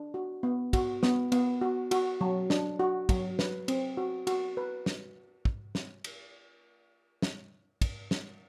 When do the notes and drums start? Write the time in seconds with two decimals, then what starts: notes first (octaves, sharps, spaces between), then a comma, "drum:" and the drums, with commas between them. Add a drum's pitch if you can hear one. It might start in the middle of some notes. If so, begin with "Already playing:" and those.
Already playing: D4
0.14 F#4
0.43 B3
0.73 F#4, drum: kick, cymbal
1.03 B3, drum: snare
1.32 B3, drum: cymbal
1.61 F#4
1.91 F#4, drum: cymbal
2.21 F#3
2.50 D4, drum: snare
2.80 F#4
3.09 F#3, drum: kick, cymbal
3.39 B4, drum: snare
3.68 C4, drum: cymbal
3.97 F#4
4.27 F#4, drum: cymbal
4.57 B4
4.86 drum: snare
5.45 drum: kick
5.75 drum: snare
6.04 drum: cymbal
7.22 drum: snare
7.81 drum: kick, cymbal
8.11 drum: snare